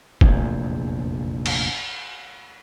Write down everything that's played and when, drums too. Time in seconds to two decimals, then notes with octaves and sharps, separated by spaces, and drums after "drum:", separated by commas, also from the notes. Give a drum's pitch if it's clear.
0.21 F1 A#1 E2, drum: kick
1.46 drum: cymbal